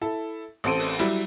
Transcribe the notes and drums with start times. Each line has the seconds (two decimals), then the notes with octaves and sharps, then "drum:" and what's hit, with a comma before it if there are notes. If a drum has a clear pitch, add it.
0.01 E4 A4
0.64 A1 C4 A4 C5 D7 D#7
0.79 drum: open hi-hat
0.99 F#3 G3 E4, drum: hi-hat